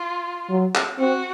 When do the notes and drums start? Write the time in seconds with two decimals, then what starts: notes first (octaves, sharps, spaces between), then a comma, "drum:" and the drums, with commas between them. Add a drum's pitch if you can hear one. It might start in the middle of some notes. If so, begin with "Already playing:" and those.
Already playing: F4
0.49 F#3
0.75 drum: clap
0.98 C4 F#4